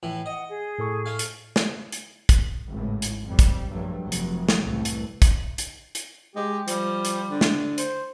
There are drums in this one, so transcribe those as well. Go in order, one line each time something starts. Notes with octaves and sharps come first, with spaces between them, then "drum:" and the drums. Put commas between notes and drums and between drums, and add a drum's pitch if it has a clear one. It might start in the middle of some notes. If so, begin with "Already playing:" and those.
A2 E3
D#5 F#5
G#4
A2 A4 C#6
A3 F5
drum: hi-hat
drum: snare
drum: hi-hat
drum: kick, hi-hat
G#1 C#2 A2
drum: hi-hat
F2 G3
drum: kick, hi-hat
A#1 G2 F#3 A3
F1 F#3
drum: hi-hat
drum: snare
F#1 C2 A2 E3 A3
drum: hi-hat
drum: kick, hi-hat
drum: hi-hat
drum: hi-hat
G#3 G4
F3 G3, drum: hi-hat
drum: hi-hat
D3
drum: snare
C5, drum: hi-hat